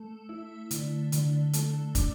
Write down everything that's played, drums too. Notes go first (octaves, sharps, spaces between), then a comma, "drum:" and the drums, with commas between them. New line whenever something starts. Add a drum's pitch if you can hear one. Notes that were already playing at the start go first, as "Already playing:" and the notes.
Already playing: A3
E4
D3, drum: hi-hat
D3, drum: hi-hat
A3, drum: hi-hat
D4, drum: kick, hi-hat